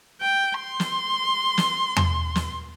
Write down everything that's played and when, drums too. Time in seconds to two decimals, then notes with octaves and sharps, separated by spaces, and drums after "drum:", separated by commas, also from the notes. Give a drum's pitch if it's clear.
0.21 G5
0.59 C6
0.80 drum: snare
1.58 drum: snare
1.97 drum: tom E2
2.35 drum: snare